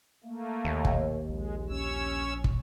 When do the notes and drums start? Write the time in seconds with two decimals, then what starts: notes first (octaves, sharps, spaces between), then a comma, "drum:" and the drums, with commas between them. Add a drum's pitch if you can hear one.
0.24 A3 A#3
0.65 D#2
0.85 drum: kick
1.29 A#1 G#3
1.70 A#1 C#4 C#5 E6
2.44 drum: kick